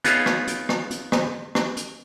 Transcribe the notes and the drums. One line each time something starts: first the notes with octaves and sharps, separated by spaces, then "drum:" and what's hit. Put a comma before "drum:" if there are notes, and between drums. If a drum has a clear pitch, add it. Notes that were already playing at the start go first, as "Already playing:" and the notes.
B3 D#4 F4 G#4 C#5 E5, drum: hi-hat
drum: rim click
drum: hi-hat
drum: rim click
drum: hi-hat
drum: rim click
drum: rim click
drum: hi-hat